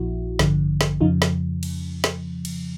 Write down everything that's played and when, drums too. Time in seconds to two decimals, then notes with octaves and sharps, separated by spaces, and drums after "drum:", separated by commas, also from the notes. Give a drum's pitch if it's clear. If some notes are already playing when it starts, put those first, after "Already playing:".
Already playing: A#1 A#2 F3 E4 F#4
0.39 A1 G2 D3 F3, drum: snare
0.81 drum: snare
1.01 F2 C#3 F3 D#4 F4
1.22 drum: snare
1.63 drum: cymbal
2.04 drum: snare
2.45 drum: cymbal